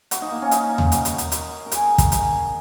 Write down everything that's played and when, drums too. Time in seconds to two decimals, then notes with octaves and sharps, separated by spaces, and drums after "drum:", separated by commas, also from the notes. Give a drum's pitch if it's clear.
0.11 F#4, drum: hi-hat
0.22 D#4
0.32 A#3
0.42 C#4
0.51 D#4, drum: hi-hat
0.78 drum: tom D#2
0.92 F#4, drum: hi-hat
1.05 drum: hi-hat
1.18 drum: hi-hat
1.32 drum: hi-hat
1.66 A#4
1.72 G#4, drum: hi-hat
1.98 drum: kick, hi-hat
2.12 drum: hi-hat